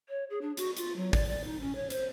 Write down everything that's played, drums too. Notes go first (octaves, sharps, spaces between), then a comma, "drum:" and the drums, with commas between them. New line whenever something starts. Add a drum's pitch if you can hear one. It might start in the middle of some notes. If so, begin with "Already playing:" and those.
C#5
G#4
D4
F#4, drum: hi-hat
F4, drum: hi-hat
F#3
D5, drum: kick, open hi-hat
D5
D#4
C#4
C#5
C5, drum: hi-hat